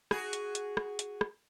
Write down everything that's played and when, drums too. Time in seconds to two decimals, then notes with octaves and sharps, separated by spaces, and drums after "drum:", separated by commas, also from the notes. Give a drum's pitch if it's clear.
0.11 F#4 G#4, drum: rim click
0.33 drum: hi-hat
0.55 drum: hi-hat
0.77 drum: rim click
0.99 drum: hi-hat
1.21 drum: rim click